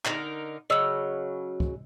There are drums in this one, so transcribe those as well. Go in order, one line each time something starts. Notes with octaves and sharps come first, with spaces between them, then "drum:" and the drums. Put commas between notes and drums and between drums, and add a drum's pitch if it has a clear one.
D3 D#4 A#4, drum: clap
C#3 F#3 D#5 E6
drum: kick